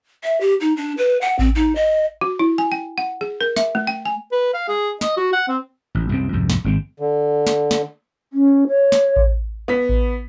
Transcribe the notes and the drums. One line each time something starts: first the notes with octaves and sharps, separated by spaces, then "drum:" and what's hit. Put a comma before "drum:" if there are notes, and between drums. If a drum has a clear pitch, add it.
E5
G4
D#4
D4
B4
F#5
C4, drum: kick A1
D#4
D#5
F#4
E4
G#5
G5
F#5
G#4
A#4
E5, drum: snare
A3
G5
G#5
B4
F5
G#4
D#5, drum: snare
F#4
F#5
C4
A1
C2 F#2 C4
C2 F2 G#2
drum: snare
G#1 G#3 C4
D3
drum: snare
drum: snare
C#4
C#5
drum: snare
drum: kick A1
B3 B6
drum: kick A1